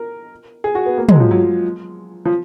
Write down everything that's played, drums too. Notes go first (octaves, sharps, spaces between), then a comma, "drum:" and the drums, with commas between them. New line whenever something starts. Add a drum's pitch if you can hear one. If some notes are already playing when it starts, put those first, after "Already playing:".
Already playing: A#4
G#4
F#4
B3
A#3
G#3, drum: tom
F#3
F3
F#3
F#3
F3